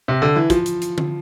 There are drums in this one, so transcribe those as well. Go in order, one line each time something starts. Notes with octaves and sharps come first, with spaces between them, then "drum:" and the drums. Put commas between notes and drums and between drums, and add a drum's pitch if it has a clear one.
C3
D3
E3
F3, drum: kick, hi-hat
drum: hi-hat
drum: hi-hat
drum: tom D3